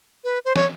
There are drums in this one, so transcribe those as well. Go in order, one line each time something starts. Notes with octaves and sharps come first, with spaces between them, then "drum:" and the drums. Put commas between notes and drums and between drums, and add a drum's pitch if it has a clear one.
B4
C5
C#5, drum: snare